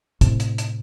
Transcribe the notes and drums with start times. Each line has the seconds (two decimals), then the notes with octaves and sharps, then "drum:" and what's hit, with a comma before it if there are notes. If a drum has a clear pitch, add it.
0.21 A2 C3, drum: kick, hi-hat
0.40 drum: hi-hat
0.58 drum: hi-hat